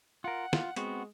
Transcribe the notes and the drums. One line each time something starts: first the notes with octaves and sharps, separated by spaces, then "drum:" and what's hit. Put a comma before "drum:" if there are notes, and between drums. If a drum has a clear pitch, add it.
F4 A#4 F#5
F4, drum: snare
G#3 B3 C4 F#4, drum: hi-hat